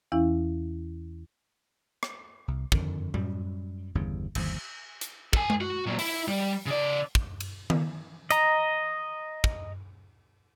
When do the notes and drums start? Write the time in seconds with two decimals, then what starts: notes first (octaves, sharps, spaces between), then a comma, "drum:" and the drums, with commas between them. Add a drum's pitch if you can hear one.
0.12 E2 E3 C#4 E4 F5
2.03 drum: rim click
2.48 C2
2.72 F2 D3 D#3, drum: kick
3.14 F#2 G3, drum: tom A2
3.95 G1 E2 G2 C#3
4.35 G1 D#2 F3, drum: cymbal
5.01 drum: hi-hat
5.33 A4 G#5, drum: kick
5.50 drum: tom G#3
5.61 F#4
5.86 A#2 F#3
5.99 E4, drum: open hi-hat
6.28 G3
6.66 C#3 D5
7.15 drum: kick
7.40 drum: cymbal
7.70 drum: tom D#3
8.31 D#5 A#5, drum: hi-hat
9.44 drum: kick